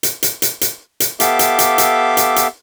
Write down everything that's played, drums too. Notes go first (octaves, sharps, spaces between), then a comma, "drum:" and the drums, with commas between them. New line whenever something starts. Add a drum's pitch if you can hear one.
drum: hi-hat
drum: hi-hat
drum: hi-hat
drum: hi-hat
drum: hi-hat
B3 G4 A4 E5 F5 D6, drum: hi-hat
drum: hi-hat
drum: hi-hat
drum: hi-hat
drum: hi-hat
drum: hi-hat